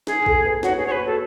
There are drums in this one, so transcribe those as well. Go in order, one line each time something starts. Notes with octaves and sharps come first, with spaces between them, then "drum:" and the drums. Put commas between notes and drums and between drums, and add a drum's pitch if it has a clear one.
G#4, drum: snare
A4, drum: kick A#1
B4
F#4 C#5, drum: snare
G#4 B4
C#5
G#4 B4
F#4 A4